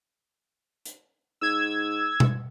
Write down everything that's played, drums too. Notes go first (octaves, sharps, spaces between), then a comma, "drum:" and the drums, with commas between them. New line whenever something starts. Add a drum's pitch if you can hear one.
drum: hi-hat
G#2 E6 G#6
drum: tom B2